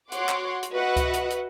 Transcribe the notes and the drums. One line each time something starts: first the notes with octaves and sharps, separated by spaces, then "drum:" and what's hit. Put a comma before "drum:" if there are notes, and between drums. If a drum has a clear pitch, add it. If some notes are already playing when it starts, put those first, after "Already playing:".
F#4 C#5 F#5 C6 D6, drum: hi-hat
drum: clap
drum: hi-hat
F#4 B4 D#5 E5 F#5
drum: kick C#2, hi-hat
drum: hi-hat
drum: hi-hat